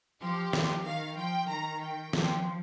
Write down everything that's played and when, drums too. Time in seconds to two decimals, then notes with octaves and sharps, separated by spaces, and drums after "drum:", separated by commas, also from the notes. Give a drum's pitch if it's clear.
0.21 F3 G4
0.53 F3, drum: snare
0.85 D#3 F5
1.17 F3 G5
1.49 D#3 A#5
1.82 G5
2.13 F3, drum: snare